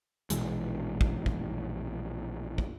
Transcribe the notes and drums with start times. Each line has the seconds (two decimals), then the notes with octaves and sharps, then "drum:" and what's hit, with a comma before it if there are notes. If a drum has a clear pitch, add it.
0.30 A#1 B2 E3 G#3, drum: hi-hat
1.01 drum: kick
1.26 drum: kick
2.58 drum: kick